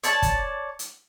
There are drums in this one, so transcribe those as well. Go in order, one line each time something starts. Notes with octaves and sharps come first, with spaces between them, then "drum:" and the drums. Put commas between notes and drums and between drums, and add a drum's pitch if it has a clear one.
C#5 D5 A5, drum: hi-hat
drum: kick, hi-hat
drum: hi-hat